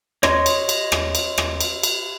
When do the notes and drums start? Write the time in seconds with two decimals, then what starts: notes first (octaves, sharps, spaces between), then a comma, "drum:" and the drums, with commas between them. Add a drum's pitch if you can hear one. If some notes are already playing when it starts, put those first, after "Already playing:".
0.23 C#5 D#5 C6, drum: rim click
0.46 drum: cymbal
0.69 drum: cymbal
0.92 drum: rim click
1.15 drum: cymbal
1.38 drum: rim click
1.61 drum: cymbal
1.83 drum: cymbal